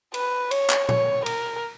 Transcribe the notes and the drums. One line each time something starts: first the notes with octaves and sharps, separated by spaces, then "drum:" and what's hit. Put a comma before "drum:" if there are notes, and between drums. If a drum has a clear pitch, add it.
B4, drum: cymbal
C#5, drum: cymbal
drum: clap
C#5, drum: tom A#2
A#4, drum: cymbal